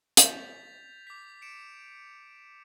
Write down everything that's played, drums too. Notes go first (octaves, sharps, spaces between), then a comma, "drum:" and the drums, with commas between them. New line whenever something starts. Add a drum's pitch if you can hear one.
G6 A6 B6 F7, drum: hi-hat
D6 B6
C#7 D7 E7